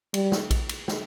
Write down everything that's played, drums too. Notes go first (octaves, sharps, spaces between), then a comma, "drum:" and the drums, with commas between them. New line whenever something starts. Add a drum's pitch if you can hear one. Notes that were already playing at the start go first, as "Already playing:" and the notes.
G3, drum: cymbal
drum: snare
drum: kick A#1, cymbal
drum: cymbal
drum: snare